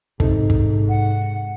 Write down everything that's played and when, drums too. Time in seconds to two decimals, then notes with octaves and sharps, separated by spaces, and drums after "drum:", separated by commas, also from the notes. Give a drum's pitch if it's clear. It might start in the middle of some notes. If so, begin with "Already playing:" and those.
0.20 G#2 C3 D#4 A4, drum: kick
0.50 drum: kick
0.89 F#5